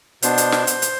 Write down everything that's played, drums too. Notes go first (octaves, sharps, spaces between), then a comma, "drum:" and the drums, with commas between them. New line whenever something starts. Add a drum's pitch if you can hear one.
B2 B3 D4 C5, drum: hi-hat
drum: hi-hat
drum: snare
drum: hi-hat
drum: hi-hat